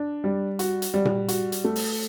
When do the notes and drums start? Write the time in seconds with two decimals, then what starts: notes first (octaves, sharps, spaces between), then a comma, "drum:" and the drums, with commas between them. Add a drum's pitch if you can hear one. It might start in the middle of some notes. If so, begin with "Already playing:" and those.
Already playing: D4
0.24 G3
0.59 F#4, drum: hi-hat
0.82 drum: hi-hat
0.94 G3
1.05 drum: tom A#2
1.28 F#4, drum: hi-hat
1.52 drum: hi-hat
1.64 A3
1.76 drum: open hi-hat